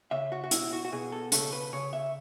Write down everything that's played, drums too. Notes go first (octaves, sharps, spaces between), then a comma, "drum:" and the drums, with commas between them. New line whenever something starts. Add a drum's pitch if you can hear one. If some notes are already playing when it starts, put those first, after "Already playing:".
C#3 E5
F#4
F#4
B2 E4, drum: hi-hat
F#4
F#4
B2 G#4
A4
C#3 A4, drum: hi-hat
B4
C#3 C#5
E5